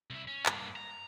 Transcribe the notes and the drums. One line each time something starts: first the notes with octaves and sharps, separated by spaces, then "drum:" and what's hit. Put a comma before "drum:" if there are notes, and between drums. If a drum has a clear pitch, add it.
C2 E4
C#4
G2 A#3, drum: clap
A#5